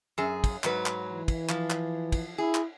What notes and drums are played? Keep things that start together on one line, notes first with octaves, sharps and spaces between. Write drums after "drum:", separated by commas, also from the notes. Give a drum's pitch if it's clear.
F#2 G#4
drum: kick, cymbal
G#2 F#3 B4, drum: clap
drum: clap
E3
drum: kick, cymbal
F3, drum: clap
drum: clap
drum: kick, cymbal
E4 G#4
drum: clap